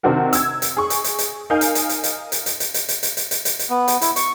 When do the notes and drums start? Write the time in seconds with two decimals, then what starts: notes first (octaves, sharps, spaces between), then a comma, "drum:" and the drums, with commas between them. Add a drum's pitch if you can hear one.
0.03 C3 D#3 C4 D4 F#4 A#4
0.33 E6 G#6, drum: hi-hat
0.62 drum: hi-hat
0.77 G#4 C#6
0.90 drum: hi-hat
1.04 drum: hi-hat
1.19 drum: hi-hat
1.50 D#4 A#4 F5 G#5 G6
1.61 drum: hi-hat
1.75 drum: hi-hat
1.89 drum: hi-hat
2.04 drum: hi-hat
2.32 drum: hi-hat
2.46 drum: hi-hat
2.60 drum: hi-hat
2.74 drum: hi-hat
2.88 drum: hi-hat
3.03 drum: hi-hat
3.17 drum: hi-hat
3.31 drum: hi-hat
3.45 drum: hi-hat
3.59 drum: hi-hat
3.70 B3
3.88 drum: hi-hat
4.02 E4, drum: hi-hat
4.16 C#6, drum: hi-hat